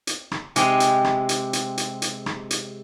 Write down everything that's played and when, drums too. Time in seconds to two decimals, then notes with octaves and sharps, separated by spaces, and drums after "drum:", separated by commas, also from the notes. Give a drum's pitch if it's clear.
0.07 drum: hi-hat
0.31 drum: rim click
0.56 C3 G#3 G4 D#5, drum: hi-hat
0.80 drum: hi-hat
1.05 drum: rim click
1.29 drum: hi-hat
1.53 drum: hi-hat
1.78 drum: hi-hat
2.02 drum: hi-hat
2.26 drum: rim click
2.51 drum: hi-hat